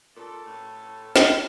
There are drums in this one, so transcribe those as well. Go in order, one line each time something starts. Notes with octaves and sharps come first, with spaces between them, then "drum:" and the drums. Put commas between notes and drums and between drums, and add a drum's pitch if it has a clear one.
A#2 A4
A2
drum: snare